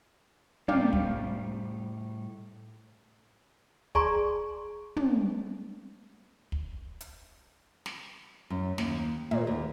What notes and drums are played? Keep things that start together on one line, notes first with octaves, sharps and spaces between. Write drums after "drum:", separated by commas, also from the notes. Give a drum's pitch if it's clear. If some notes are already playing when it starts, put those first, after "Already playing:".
A2 G3 D5 F5 G5, drum: tom
drum: kick
G#4 D5 G#5 A#5 C6 C#6, drum: kick
drum: tom
drum: kick
drum: hi-hat
drum: snare
F#2
D#2, drum: snare
A#2, drum: tom
D#2